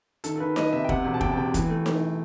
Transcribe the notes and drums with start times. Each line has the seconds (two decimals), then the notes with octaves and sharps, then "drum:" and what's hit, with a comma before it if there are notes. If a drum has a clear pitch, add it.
0.24 D#3 A4, drum: hi-hat
0.36 A4
0.40 D#3 B4
0.56 D#3 D#5, drum: snare D#4
0.73 C3 E5
0.85 G5
0.89 C3 F#5, drum: kick
1.05 E1
1.14 A5
1.21 C3 G5, drum: kick
1.32 A5
1.37 C3 G5
1.54 E3, drum: kick, hi-hat
1.69 A3
1.86 A3, drum: snare D#4